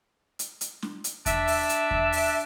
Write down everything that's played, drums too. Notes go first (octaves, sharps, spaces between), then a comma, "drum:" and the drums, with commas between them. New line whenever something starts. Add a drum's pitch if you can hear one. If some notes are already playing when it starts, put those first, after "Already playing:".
drum: hi-hat
drum: hi-hat
drum: snare
drum: hi-hat
D4 E5, drum: kick E2, hi-hat
drum: open hi-hat
drum: hi-hat
drum: kick E2
drum: open hi-hat